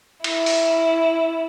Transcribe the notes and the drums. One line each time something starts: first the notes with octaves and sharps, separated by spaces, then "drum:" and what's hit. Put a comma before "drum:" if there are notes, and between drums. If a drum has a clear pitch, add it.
E4, drum: cymbal
drum: open hi-hat